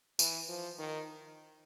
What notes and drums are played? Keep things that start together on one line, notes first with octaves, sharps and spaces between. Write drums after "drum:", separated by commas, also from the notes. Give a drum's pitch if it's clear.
E3, drum: tambourine
F3
D#3